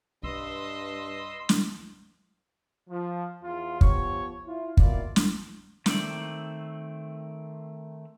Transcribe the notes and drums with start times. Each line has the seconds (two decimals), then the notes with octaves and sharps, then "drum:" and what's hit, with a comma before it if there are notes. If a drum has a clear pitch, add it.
0.24 B1 G2 B4 D#5 C6 E6
1.49 drum: snare
2.89 F3
3.43 E2 F4
3.81 F3 B3 G4 C#5, drum: kick
4.47 E4 F4
4.77 F2 B2 A#3 E4 F4 D5, drum: kick
5.16 drum: snare
5.86 D#3 A3 C4 D5, drum: snare